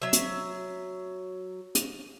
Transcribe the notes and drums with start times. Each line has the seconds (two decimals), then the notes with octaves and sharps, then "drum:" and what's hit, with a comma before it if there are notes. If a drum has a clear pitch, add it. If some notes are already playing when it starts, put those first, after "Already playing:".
0.02 F#3 E5
0.13 drum: hi-hat
1.75 drum: hi-hat